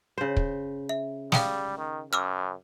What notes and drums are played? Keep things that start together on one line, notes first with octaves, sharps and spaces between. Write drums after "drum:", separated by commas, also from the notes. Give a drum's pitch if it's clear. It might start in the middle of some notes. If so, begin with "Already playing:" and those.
C#3 C5
drum: kick
E5
G3 F5 G5 D#6, drum: snare
D#3
F#2 D6 E6 F6